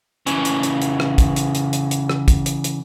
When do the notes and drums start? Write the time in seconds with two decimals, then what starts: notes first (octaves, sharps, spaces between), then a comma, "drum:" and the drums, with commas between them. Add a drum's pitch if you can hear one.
0.27 C#3 E3, drum: hi-hat
0.45 drum: hi-hat
0.63 drum: hi-hat
0.82 drum: hi-hat
1.00 drum: rim click
1.18 drum: kick, hi-hat
1.36 drum: hi-hat
1.55 drum: hi-hat
1.73 drum: hi-hat
1.91 drum: hi-hat
2.09 drum: rim click
2.28 drum: kick, hi-hat
2.46 drum: hi-hat
2.64 drum: hi-hat